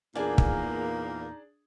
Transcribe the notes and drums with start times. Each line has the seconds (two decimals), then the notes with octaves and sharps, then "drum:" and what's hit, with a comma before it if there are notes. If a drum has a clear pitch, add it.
0.15 E2 A#2 A#3 D4 D#4 G#4 F5 G#5
0.38 drum: kick